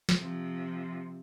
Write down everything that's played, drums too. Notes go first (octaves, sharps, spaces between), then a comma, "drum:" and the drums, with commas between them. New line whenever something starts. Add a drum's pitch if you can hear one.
drum: snare
C3 F3